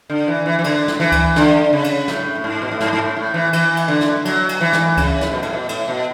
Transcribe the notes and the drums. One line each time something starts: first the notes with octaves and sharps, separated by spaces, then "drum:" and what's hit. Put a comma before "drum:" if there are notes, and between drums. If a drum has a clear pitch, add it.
D3
E3
E3
E3
D3, drum: cymbal
drum: snare
E3
drum: kick C#2, cymbal
D3, drum: snare
C#3
drum: cymbal
A2, drum: snare
A2
G#2
B2
A2
G#2, drum: snare
G#2
A2
A2
E3
E3, drum: cymbal
drum: cymbal
D3
drum: snare
F#3, drum: cymbal
drum: cymbal
E3
drum: snare
C#3, drum: kick C#2, cymbal
drum: snare
B2
A2, drum: cymbal
B2
A2, drum: cymbal
B2